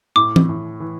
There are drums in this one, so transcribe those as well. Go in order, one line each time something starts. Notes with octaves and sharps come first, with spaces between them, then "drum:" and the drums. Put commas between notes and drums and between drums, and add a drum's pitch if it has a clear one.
A2 D6
drum: tom E3
A2
E3